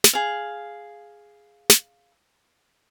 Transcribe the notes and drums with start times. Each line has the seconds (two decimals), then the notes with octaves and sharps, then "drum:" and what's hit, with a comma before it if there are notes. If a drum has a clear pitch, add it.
0.04 drum: snare
0.13 G#4 F5
1.70 drum: snare